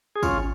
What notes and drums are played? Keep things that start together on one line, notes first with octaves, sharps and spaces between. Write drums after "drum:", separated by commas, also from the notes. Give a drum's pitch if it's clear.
G#4
C#4 F4, drum: kick, tambourine